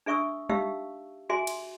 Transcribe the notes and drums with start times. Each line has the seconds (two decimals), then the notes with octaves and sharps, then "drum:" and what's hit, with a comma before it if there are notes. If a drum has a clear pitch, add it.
0.06 D4 G#4 E5 C#6 D#6 E6
0.49 D#4 G4 E5 F5 E6, drum: tom G3
1.29 F#4 G#4 E5 G#5 C6
1.47 drum: cymbal